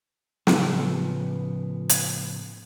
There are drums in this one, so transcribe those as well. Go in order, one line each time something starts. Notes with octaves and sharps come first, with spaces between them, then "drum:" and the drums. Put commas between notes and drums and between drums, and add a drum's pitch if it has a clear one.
A2 C#3 F3 B3, drum: snare
drum: hi-hat